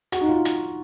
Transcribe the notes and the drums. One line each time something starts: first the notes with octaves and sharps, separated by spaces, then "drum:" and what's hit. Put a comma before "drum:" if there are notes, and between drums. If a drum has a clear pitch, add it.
F#4, drum: hi-hat
D#4
F4
drum: hi-hat